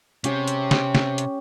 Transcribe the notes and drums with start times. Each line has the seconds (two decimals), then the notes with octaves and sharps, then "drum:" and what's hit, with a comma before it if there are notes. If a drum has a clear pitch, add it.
0.24 C3 C#4 G4, drum: hi-hat
0.48 drum: hi-hat
0.71 drum: snare
0.95 drum: snare
1.18 drum: hi-hat